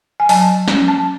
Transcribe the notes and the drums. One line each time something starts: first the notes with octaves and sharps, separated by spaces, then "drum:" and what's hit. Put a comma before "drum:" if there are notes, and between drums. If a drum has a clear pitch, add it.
G#5
F#3 A5, drum: open hi-hat
C#4, drum: snare
A5